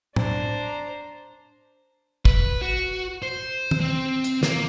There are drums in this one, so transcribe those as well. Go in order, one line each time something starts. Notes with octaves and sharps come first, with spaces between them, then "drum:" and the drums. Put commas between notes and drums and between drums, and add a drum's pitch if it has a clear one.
D4 C5 A#5, drum: tom A2
B4, drum: kick
F#4
C5
drum: tom D#3
C4
drum: hi-hat
A#3, drum: snare